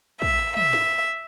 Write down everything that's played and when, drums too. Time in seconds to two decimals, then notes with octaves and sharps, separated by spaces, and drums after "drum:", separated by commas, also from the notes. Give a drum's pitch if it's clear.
0.22 E5, drum: kick
0.57 E5, drum: tom
0.73 drum: snare